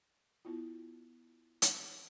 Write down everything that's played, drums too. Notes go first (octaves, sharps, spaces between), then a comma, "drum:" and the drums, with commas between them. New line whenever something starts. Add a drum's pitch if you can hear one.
B3 E4 F4
drum: hi-hat